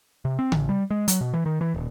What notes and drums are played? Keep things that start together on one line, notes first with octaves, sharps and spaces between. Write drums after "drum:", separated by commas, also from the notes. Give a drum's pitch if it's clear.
C3
C4
A1, drum: tom C#3
G3
G#3
F#3, drum: hi-hat
B2
E3
D#3
E3
D#1